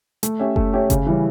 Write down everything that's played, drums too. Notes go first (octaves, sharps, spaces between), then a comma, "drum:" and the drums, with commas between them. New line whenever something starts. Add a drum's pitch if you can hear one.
A3, drum: hi-hat
C#4 G4 C#5 E5
A3, drum: kick F#1
C#4 G4 C#5 E5
C#3, drum: kick F#1, hi-hat
E3 G3 C#4